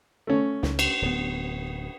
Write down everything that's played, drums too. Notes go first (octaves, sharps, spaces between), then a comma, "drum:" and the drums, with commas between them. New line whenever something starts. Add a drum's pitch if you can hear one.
A3 C#4
C#2, drum: snare
drum: cymbal
D1 B3